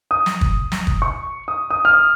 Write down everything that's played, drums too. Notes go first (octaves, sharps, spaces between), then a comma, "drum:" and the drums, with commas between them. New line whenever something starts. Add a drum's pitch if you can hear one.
D#6
drum: snare
drum: kick
drum: snare
drum: kick
C#6
D#6
D#6
F6
D#6